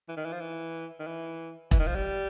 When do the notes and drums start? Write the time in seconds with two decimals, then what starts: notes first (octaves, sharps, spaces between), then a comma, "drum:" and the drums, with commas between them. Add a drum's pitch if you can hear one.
0.09 E3
0.17 D#3
0.26 E3
0.33 F3
0.41 E3
1.00 D#3
1.07 E3
1.71 E3, drum: kick E1
1.79 D#3
1.87 F3
1.95 G3